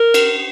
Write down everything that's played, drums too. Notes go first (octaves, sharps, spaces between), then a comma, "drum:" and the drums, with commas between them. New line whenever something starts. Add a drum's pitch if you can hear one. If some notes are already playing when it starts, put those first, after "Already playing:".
Already playing: A#4
drum: cymbal